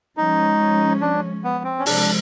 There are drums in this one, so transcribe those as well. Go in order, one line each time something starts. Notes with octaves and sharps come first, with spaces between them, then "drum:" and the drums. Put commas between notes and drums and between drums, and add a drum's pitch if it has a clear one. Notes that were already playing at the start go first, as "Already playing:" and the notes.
F3 G#3 C#4 D#4
D4
B3
C4
C#4
C3 F3 G#3 D4, drum: open hi-hat